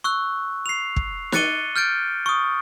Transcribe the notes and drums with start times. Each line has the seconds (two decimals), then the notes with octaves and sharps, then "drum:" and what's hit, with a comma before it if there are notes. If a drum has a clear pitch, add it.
0.04 C#6 E6 F#6
0.66 C7 F7
0.96 drum: kick
1.32 D6 F#6 A6 C#7 D#7 G7, drum: snare
1.76 F6 G6 A6 D7
2.26 C#6 D#6